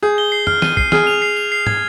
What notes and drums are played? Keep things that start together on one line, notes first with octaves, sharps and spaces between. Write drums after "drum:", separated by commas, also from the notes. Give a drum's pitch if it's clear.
G#4 G6
G7
C7
F6, drum: tom
D#7, drum: snare
C7, drum: kick
G#4 F6, drum: snare
F7
C7
F7
C7
G#6, drum: tom